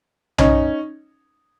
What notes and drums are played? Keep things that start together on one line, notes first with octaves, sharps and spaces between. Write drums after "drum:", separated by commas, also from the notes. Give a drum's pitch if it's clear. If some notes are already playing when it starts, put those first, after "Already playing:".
C#4 D#4, drum: tom B1